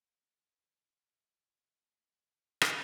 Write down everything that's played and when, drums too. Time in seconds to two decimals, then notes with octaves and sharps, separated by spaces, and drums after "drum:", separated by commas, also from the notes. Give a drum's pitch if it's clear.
0.61 D#5 E5 G#5 E6 F#6 G#6
2.61 drum: rim click